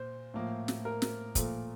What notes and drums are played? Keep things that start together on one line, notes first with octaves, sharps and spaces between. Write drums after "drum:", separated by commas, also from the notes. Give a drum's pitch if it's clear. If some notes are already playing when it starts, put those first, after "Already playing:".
Already playing: A#2 C5
A2 F3 A#3
drum: snare
A#4
drum: snare
A#2 F3 A3, drum: kick, hi-hat